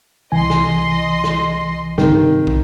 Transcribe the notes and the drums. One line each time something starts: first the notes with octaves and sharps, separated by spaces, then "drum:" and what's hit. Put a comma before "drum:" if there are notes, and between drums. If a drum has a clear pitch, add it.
C2 E3 D#5 G#5 C6
drum: snare
drum: snare
G2 C3 D#3, drum: snare
drum: kick